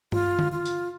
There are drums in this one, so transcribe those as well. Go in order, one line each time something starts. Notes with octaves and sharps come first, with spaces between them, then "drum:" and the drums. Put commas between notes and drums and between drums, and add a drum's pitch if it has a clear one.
F4, drum: tom G2
drum: tom D3
F4
drum: tambourine